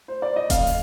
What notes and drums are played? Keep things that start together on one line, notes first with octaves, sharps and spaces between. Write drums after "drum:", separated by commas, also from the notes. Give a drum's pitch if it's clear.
C5
D5
D#5
F2 F5, drum: kick E1, hi-hat
drum: open hi-hat